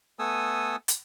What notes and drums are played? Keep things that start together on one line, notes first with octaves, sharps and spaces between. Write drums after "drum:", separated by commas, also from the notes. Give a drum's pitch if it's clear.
A3 B3 A4 G#5 D#6 E6
drum: hi-hat